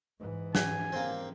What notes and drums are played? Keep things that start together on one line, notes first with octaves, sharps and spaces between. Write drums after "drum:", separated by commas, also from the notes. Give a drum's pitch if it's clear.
G#2 E3
C#4 G#5, drum: snare
A#3 C4